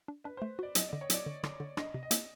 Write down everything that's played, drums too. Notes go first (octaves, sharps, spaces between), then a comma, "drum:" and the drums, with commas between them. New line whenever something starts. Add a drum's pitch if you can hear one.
D4
D4 B4
A3 C5
F#4 D5
F#3 D#5, drum: hi-hat
D3 D5
C#5
F#3 D5, drum: hi-hat
D3
D3, drum: rim click
D3
D4 D#5, drum: rim click
C3
D#5
A#3, drum: hi-hat